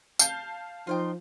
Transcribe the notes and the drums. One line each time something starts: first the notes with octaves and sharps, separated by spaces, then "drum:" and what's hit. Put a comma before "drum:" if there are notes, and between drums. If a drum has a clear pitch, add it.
F5 A5 G6, drum: tambourine
F3 D#4 F4 C5 G5